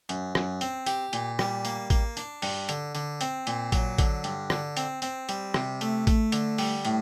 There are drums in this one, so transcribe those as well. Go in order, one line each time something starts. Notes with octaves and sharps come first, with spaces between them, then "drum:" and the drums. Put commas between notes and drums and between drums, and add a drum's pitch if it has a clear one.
F#2, drum: hi-hat
F#2, drum: rim click
C4, drum: hi-hat
G4, drum: hi-hat
A#2, drum: hi-hat
G3, drum: rim click
A#3, drum: hi-hat
A#3, drum: kick A1, hi-hat
D4, drum: hi-hat
G2, drum: open hi-hat
D3, drum: hi-hat
D3, drum: hi-hat
C4, drum: hi-hat
A#2, drum: hi-hat
F#3, drum: kick A1, hi-hat
D3, drum: kick A1, hi-hat
G2, drum: hi-hat
D3, drum: rim click
C4, drum: hi-hat
C4, drum: hi-hat
G3, drum: hi-hat
C3, drum: rim click
A3, drum: hi-hat
A3, drum: kick A1, hi-hat
D3, drum: hi-hat
G3, drum: open hi-hat
A2, drum: hi-hat